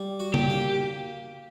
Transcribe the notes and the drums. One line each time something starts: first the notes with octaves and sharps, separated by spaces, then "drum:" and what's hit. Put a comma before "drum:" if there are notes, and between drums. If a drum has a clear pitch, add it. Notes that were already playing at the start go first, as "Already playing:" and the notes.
Already playing: G3
F#4
G4, drum: tom C#3
A#3